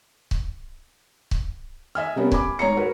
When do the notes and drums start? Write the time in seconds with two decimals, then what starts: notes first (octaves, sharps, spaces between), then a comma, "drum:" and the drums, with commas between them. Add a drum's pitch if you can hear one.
0.31 drum: kick C#1
1.31 drum: kick C#1
1.95 D#5 E5 G#5 F6
2.16 C3 G3 B3 C#4 A#4
2.32 G#5 B5 D6, drum: kick C#1
2.59 G#2 C#5 A#5 C#7
2.77 F#4 A#4 B4